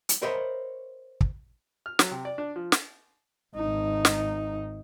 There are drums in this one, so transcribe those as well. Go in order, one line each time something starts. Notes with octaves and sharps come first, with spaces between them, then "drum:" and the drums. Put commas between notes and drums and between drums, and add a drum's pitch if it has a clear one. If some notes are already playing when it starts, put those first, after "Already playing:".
drum: hi-hat
A#4 C5 C#5 D#5 E5 B5
drum: kick
F6
F#3, drum: snare
C3
D5
D4
F3
drum: snare
G#1 D#4
drum: snare